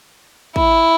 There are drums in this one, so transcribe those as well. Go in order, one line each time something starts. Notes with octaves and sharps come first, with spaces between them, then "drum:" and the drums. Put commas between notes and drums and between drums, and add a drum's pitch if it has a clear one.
E4, drum: kick